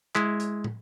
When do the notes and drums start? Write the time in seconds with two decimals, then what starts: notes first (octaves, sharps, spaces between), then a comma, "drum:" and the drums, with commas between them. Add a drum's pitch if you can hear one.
0.15 G#3 E4, drum: clap
0.40 drum: hi-hat
0.64 drum: tom